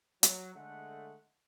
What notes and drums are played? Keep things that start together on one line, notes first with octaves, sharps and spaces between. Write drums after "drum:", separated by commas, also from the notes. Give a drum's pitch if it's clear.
F#3, drum: hi-hat
D3 G#3 A3 F#5